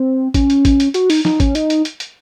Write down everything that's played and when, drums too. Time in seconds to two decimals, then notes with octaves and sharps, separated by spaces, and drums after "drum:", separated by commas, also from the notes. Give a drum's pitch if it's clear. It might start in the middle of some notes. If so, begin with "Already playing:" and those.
Already playing: C4
0.34 C#4, drum: kick A1, hi-hat
0.50 drum: hi-hat
0.65 drum: kick A1, hi-hat
0.80 drum: hi-hat
0.94 F#4, drum: hi-hat
1.10 D#4, drum: open hi-hat
1.25 D#4, drum: snare
1.40 C#4, drum: kick A1, hi-hat
1.55 D#4, drum: hi-hat
1.70 drum: hi-hat
1.85 drum: hi-hat
2.00 drum: hi-hat